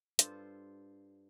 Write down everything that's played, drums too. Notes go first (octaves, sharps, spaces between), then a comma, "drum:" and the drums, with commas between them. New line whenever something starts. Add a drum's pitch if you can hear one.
G2 F4 A4 C5, drum: hi-hat